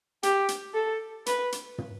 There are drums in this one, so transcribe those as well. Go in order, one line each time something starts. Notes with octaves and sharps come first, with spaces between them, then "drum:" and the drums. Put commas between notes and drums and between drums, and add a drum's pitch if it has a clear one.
G4, drum: hi-hat
drum: hi-hat
A4
B4, drum: hi-hat
drum: hi-hat
drum: tom